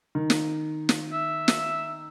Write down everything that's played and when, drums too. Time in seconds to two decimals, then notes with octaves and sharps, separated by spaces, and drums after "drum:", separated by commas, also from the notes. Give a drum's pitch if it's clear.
0.15 D#3
0.30 drum: snare
0.89 drum: snare
1.13 E5
1.48 drum: snare